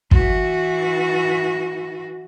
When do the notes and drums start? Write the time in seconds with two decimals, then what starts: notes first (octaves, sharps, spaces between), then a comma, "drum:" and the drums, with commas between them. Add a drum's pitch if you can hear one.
0.11 E3 F#4, drum: kick